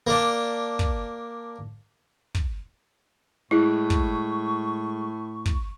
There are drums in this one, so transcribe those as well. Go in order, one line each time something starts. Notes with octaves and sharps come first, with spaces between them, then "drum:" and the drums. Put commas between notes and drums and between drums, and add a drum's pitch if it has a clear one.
A#3 D4
drum: kick
drum: kick
A2 G#3 E4 C#6 F#6
drum: kick
drum: kick